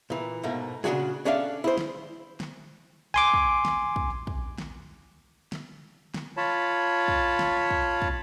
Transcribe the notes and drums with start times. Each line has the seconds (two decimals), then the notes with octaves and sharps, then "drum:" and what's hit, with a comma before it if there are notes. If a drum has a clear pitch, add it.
0.10 A#2 E3
0.43 G#2 B2 A3 A#3
0.84 A#2 C#3 B3 D4 F#4 G#4, drum: snare
1.25 C#4 D4 A4 D5 E5 F5
1.64 E4 G#4 C5
1.78 drum: snare
2.40 drum: snare
3.14 G#5 C6 D6
3.34 drum: kick
3.65 drum: snare
3.96 drum: kick
4.27 drum: kick
4.58 drum: snare
5.52 drum: snare
6.14 drum: snare
6.37 F4 C#5 A5 B5
7.08 drum: kick
7.39 drum: snare
7.70 drum: kick
8.02 drum: kick